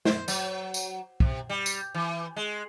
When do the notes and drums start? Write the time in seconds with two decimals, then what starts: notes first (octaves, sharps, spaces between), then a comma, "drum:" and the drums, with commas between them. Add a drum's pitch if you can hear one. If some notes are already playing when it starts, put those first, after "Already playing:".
0.05 C5, drum: snare
0.28 F#3, drum: tambourine
0.74 drum: tambourine
1.20 C3, drum: kick
1.49 G3
1.66 drum: tambourine
1.95 E3
2.36 G#3